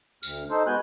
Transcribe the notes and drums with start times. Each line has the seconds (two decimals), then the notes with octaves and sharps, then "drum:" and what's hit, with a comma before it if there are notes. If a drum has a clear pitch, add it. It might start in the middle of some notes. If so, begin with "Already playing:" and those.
0.23 D2 F6, drum: tambourine
0.50 D#4 A4 C5
0.67 G#3 B3 F#4 G#5 F#6 G6